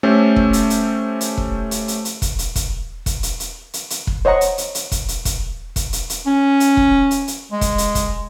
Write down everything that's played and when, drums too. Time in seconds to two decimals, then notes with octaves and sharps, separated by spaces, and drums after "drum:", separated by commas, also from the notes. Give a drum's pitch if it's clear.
0.03 A3 C#4 G4 A4 C5
0.36 drum: kick
0.53 drum: hi-hat
0.70 drum: hi-hat
1.21 drum: hi-hat
1.37 drum: kick
1.71 drum: hi-hat
1.88 drum: hi-hat
2.05 drum: hi-hat
2.22 drum: kick, hi-hat
2.39 drum: hi-hat
2.55 drum: kick, hi-hat
3.06 drum: kick, hi-hat
3.23 drum: hi-hat
3.40 drum: hi-hat
3.74 drum: hi-hat
3.90 drum: hi-hat
4.07 drum: kick
4.25 C5 C#5 D#5 F#5 A#5 C#6
4.41 drum: hi-hat
4.58 drum: hi-hat
4.75 drum: hi-hat
4.92 drum: kick, hi-hat
5.08 drum: hi-hat
5.25 drum: kick, hi-hat
5.76 drum: kick, hi-hat
5.93 drum: hi-hat
6.10 drum: hi-hat
6.26 C#4
6.60 drum: hi-hat
6.77 drum: kick
7.11 drum: hi-hat
7.28 drum: hi-hat
7.52 G#3
7.61 drum: kick, hi-hat
7.78 drum: hi-hat
7.95 drum: kick, hi-hat